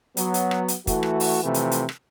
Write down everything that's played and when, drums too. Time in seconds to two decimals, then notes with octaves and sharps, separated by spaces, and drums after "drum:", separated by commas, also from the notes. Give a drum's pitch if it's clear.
0.17 F#3 B3, drum: hi-hat
0.34 drum: hi-hat
0.51 drum: rim click
0.68 drum: hi-hat
0.87 E3 A3 F#4, drum: kick, hi-hat
1.03 drum: rim click
1.20 drum: open hi-hat
1.44 C3 E3 F3 A3
1.54 drum: hi-hat
1.71 drum: hi-hat
1.89 drum: rim click